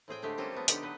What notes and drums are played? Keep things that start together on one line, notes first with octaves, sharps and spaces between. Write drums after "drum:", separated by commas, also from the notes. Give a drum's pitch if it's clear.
A2 C4 G#4 G5
D3 G#3 A3 G4
G3 A#3 C4 C#4 F4 A4
F3 A3 B3
D3 D#4 G4 F#5, drum: hi-hat
F#3 B4 D#5